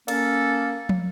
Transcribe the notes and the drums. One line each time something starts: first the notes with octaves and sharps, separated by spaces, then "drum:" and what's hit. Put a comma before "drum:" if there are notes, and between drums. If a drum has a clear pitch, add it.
A#3 C#4 A4, drum: cymbal
drum: tom